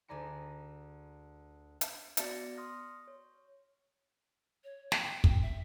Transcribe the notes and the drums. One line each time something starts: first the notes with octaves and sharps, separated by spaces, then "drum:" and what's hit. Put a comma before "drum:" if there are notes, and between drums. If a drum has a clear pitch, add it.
D2 G#4 D5 A#5 C#7
drum: hi-hat
B3 F#4 D5 A6 A#6 C#7, drum: hi-hat
C6 D#6 F6 A#6
C#5
C#5
G5, drum: snare
G5
drum: kick
E5